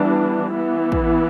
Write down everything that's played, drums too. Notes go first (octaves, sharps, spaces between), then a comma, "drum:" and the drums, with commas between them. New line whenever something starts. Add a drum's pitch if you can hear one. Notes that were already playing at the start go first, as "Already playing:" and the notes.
Already playing: E3 G3 B3 D4
E3 B3 E4
drum: kick